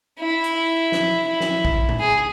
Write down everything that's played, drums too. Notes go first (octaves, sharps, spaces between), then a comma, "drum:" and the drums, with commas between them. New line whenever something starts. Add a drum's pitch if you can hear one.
E4
drum: hi-hat
drum: snare
E4
drum: snare
drum: kick
drum: tom A2
G#4